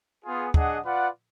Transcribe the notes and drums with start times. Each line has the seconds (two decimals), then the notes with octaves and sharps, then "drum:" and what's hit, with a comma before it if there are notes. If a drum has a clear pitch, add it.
0.24 B3 F4 G#4
0.54 D4 G#4 D#5 F#5, drum: kick
0.84 F4 B4 D5 F#5